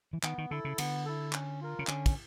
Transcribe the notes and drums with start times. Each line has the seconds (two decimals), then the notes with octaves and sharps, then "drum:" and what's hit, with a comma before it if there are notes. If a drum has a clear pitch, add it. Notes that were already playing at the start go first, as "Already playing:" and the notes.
0.13 E3
0.23 D#3 B3, drum: clap
0.38 D#3
0.51 D3 E4 A4
0.65 C#3
0.78 D3 B3, drum: cymbal
1.05 E4 A4
1.33 C#4, drum: clap
1.61 F4 A#4
1.79 C#3
1.87 D3 C#4, drum: clap
2.06 drum: kick, cymbal